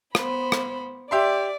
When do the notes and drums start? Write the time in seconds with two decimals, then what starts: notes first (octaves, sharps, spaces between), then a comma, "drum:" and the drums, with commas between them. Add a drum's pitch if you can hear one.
0.15 B3 C5 B5, drum: rim click
0.52 drum: rim click
1.11 G4 D5 E5 C6